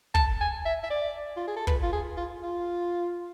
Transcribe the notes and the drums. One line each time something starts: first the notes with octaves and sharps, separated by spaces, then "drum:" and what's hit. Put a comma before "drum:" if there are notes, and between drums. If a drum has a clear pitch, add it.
A5, drum: kick
G#5
E5
E5
D5
F4
G#4
A4
B4, drum: kick
F4
G#4
F4
F4